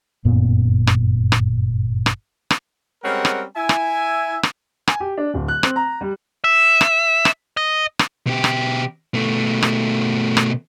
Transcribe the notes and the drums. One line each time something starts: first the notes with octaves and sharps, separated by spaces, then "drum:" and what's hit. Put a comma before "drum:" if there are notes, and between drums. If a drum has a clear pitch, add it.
G1 F#2 A#2 B3
drum: rim click
drum: rim click
drum: rim click
drum: rim click
G3 G#3 C4 C#4 A#4 F#5
drum: rim click
E4 E5 G#5
drum: rim click
drum: rim click
G#5, drum: rim click
G4
D4
D1
F#6
C4, drum: rim click
A#5
G3
E5
drum: rim click
drum: rim click
D#5
drum: rim click
B2 G4
drum: rim click
B2 A3
drum: rim click
drum: rim click